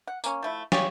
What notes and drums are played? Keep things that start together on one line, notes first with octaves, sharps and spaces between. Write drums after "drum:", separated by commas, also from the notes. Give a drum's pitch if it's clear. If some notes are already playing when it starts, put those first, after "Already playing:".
F#5
A#3 C#4, drum: tambourine
F3 A3 E4
F4 G4 G#4 C#5, drum: snare